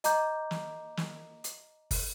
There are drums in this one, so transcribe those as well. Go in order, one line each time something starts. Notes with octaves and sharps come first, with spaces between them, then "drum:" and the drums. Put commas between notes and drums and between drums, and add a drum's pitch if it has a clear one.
D#5 A#5 D6 G6, drum: hi-hat
drum: snare
drum: snare
drum: hi-hat
drum: kick, open hi-hat